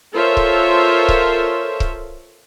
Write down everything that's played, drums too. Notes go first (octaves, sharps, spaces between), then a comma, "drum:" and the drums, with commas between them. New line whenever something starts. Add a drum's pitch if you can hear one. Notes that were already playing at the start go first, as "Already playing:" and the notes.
F4 A4 A#4 C5 C#5 E5
drum: kick C#1
drum: kick C#1
drum: kick C#1